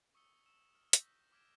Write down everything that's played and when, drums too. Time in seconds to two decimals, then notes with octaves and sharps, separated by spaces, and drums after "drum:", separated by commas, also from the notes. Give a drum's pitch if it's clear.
0.15 C#6 D#6 E6 C#7 G7
0.46 C#6 E6 E7
0.75 F6
0.93 C#6 E6 F6 G6 A#6 B6, drum: hi-hat
1.32 D6 F6 G#6 B6 D7 E7